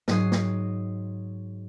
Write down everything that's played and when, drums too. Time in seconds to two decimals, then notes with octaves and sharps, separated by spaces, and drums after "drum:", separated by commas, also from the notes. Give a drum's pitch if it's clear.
0.08 G#2 F#3 D#6 C7, drum: snare
0.32 drum: snare